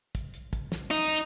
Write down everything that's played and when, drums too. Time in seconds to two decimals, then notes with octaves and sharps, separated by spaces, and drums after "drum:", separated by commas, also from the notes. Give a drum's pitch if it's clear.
0.15 drum: kick, hi-hat
0.34 drum: hi-hat
0.53 drum: kick, hi-hat
0.72 drum: snare
0.91 D#4, drum: hi-hat
1.10 drum: hi-hat